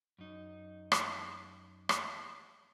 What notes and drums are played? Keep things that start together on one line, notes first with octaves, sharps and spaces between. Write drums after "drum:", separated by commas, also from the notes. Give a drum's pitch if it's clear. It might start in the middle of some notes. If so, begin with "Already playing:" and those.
F#2 D#4
drum: rim click
drum: rim click